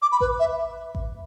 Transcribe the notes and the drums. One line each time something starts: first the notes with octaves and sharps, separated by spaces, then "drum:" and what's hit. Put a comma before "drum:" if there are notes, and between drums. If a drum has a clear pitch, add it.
D6
B5
B4, drum: kick A1
E5
drum: kick A1